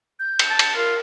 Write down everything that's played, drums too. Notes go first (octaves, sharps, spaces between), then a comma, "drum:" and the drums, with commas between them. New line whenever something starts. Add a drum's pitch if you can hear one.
G6
drum: cymbal
A5
drum: cymbal
F4 A#4